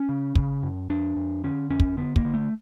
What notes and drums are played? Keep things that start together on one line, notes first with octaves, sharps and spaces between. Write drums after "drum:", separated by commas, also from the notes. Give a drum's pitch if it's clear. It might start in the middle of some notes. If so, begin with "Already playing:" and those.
Already playing: C#4
C#3
C#3, drum: kick
F#2
F2 D4
F2
D3 C#4
F2 C#4
drum: kick
D3 B3
A#3, drum: kick
D3
A3